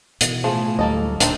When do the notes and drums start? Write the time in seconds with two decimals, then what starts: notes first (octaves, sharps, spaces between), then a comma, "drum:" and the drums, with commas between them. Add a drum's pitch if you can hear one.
0.21 B2 E3, drum: hi-hat
0.44 A2 F3 A3 G#4
0.79 D2 F#3 G3 A#3 A4 D#5
1.20 D1 A#2 C4 D4 D#4 A4, drum: hi-hat